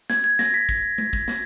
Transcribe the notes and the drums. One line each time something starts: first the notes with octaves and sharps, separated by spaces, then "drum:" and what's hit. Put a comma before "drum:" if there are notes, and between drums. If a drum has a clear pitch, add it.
G#6, drum: snare
G#6
A#6, drum: snare
B6
drum: kick
drum: tom G#3
drum: kick
drum: snare